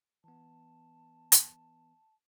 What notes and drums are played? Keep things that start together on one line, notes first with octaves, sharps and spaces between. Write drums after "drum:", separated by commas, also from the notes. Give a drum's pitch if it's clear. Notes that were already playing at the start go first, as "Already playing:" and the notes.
E3 B3 A5
drum: hi-hat